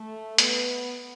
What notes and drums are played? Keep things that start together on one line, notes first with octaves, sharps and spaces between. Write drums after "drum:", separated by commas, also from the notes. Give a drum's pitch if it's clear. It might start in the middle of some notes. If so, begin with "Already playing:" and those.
Already playing: A3
B3, drum: hi-hat